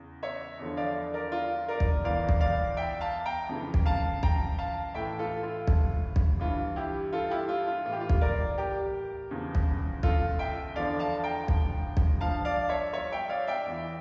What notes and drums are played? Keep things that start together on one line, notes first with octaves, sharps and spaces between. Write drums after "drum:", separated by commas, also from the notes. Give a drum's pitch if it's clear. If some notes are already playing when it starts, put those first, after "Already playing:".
Already playing: E2 C#3
C#5 E5
E2 D3 F3
D5 F5
A#4 D5
F4
A#4 D5
drum: kick B1
E2 E3 D5 F5
drum: kick B1
D5 F5
E5 G5
F5 A5
G5 A#5
F2 C#3 E3
drum: kick B1
F5 A5
G5 A#5, drum: kick B1
F5 A5
A2 E3 E5 G5
F4 A4
F4
drum: kick B1
drum: kick B1
G2 E3 F4
E4 G4
F4 A4
E4 G4
F4
F4
A2 E3 F4
G4
F4
drum: kick B1
A#4 D5
G4 A#4
E2 C#3 F3
drum: kick B1
F4 A4, drum: kick B1
E5 G5
E2 D3 F3 D5 F5
F5 A5
G5 A#5
drum: kick B1
drum: kick B1
G2 F3 F5 A5
D5 F5
C#5 E5
C#5 E5
E5 G5
D5 F5
E5 G5
E2 E3